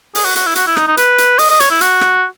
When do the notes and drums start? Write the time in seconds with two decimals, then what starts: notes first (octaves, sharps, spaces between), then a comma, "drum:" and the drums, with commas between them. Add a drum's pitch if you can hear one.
0.15 G#4, drum: open hi-hat
0.25 F#4
0.35 F#4, drum: hi-hat
0.46 E4
0.56 F#4, drum: hi-hat
0.67 E4
0.77 D#4, drum: rim click
0.87 D#4
0.97 B4, drum: hi-hat
1.18 drum: hi-hat
1.38 D#5, drum: open hi-hat
1.50 D#5
1.60 C#5, drum: hi-hat
1.70 E4
1.81 F#4, drum: hi-hat
2.01 drum: rim click